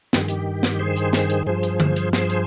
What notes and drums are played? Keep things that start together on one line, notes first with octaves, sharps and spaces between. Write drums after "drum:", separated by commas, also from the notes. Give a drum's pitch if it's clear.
G2 D#3 G4, drum: snare
G#4
G4, drum: hi-hat
drum: snare
G#4 C5
drum: hi-hat
drum: snare
drum: hi-hat
G2 F3 G#4 C5
drum: hi-hat
drum: tom D3
drum: hi-hat
G#4 C5, drum: snare
drum: hi-hat